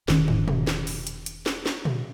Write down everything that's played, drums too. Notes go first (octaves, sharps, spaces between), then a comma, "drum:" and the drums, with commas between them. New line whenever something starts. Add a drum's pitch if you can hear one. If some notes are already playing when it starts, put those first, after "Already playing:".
E1 D#3 C#4, drum: snare
drum: tom
drum: tom A#2
drum: snare
drum: open hi-hat
drum: hi-hat
drum: hi-hat
drum: snare
drum: snare
drum: tom A#2